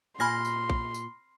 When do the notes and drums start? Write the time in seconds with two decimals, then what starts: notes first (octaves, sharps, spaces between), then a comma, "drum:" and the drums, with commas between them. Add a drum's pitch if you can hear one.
0.20 A#2 G#5 B5 C6 F6 A#6
0.45 drum: tambourine
0.70 drum: kick A#1
0.94 drum: tambourine